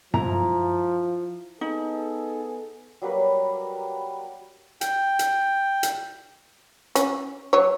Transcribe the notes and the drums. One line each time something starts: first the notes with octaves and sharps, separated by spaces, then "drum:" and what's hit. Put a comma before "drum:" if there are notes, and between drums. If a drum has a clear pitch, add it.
F3 E4 A#5, drum: tom
B3 D#4 G#4 A4
F#3 G3 A#3 B4
G5, drum: hi-hat
drum: hi-hat
drum: hi-hat
C#4, drum: hi-hat
F#3 C#5